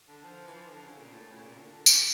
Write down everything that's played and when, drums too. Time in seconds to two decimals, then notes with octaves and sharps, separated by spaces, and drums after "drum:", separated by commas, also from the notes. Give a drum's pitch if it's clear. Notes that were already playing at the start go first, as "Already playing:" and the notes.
0.08 D3
0.24 F3
0.47 E3
0.54 F3
0.68 D3
0.83 C#3
0.98 A#2
1.13 A2
1.32 C#3
1.43 A#2
1.58 D3
1.73 D3
1.86 C#3, drum: tambourine